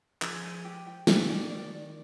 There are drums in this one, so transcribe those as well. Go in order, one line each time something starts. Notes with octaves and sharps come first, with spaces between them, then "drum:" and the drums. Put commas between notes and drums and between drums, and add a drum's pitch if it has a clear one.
F3 G#4, drum: clap
G#5
G4
G5
D#3 G#5, drum: snare
D5
D5